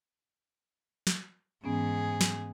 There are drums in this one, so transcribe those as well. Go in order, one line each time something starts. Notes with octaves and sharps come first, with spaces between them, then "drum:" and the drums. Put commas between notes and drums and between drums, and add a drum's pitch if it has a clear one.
drum: snare
G#2 E3 B3 C#4 G#4
drum: snare